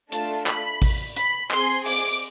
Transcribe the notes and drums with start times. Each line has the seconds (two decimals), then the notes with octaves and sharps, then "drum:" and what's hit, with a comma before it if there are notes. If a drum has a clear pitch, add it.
0.12 A3 D4 F4 A4 A5, drum: hi-hat
0.46 B5, drum: clap
0.82 drum: kick A1, open hi-hat
1.16 B5, drum: hi-hat
1.51 C4 G#4 C6, drum: clap
1.86 D6, drum: open hi-hat